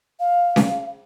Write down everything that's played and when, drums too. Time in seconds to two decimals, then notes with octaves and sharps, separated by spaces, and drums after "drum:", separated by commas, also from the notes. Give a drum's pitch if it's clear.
0.20 F5
0.56 drum: snare C#4